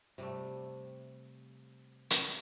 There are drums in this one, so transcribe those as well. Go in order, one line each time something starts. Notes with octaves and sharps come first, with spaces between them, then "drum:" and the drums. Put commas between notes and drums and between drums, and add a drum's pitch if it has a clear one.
C3 G3 A3
drum: hi-hat